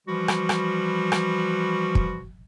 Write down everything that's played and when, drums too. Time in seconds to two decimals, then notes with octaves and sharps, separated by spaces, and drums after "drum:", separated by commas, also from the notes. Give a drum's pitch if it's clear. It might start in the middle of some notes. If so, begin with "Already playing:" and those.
0.07 E3 F3 G3 F#4
0.28 drum: rim click
0.49 drum: rim click
1.12 drum: rim click
1.95 drum: kick